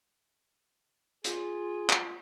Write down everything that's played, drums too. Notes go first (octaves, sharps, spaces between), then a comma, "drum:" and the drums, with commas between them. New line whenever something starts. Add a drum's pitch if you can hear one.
F4 G#4, drum: hi-hat
drum: clap